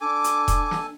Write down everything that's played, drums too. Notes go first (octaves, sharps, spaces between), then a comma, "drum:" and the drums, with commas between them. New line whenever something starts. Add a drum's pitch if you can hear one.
D4 A4 G#5 D6
drum: hi-hat
drum: kick E1, hi-hat
drum: snare